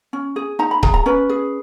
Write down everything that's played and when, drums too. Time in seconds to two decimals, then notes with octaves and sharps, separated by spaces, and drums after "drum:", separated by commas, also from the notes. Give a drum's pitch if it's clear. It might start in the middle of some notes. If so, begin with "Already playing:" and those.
0.13 C#4
0.36 G#4
0.59 D#4 A#5
0.71 B5
0.83 G#4 A#5, drum: kick C#1
0.94 A#5
1.06 C#4 B4
1.29 G#4